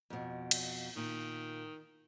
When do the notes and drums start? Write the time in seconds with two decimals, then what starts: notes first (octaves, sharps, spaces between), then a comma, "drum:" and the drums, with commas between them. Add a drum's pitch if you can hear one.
0.10 F2 B2
0.51 drum: cymbal
0.96 A#2 D#3